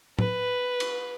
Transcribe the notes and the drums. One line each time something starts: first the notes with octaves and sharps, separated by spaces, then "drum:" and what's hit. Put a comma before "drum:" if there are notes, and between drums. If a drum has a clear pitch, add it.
B4, drum: tom A2
drum: cymbal